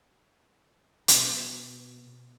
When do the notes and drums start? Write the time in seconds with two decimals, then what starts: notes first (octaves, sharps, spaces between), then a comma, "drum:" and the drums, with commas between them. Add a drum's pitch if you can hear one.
1.08 B2, drum: hi-hat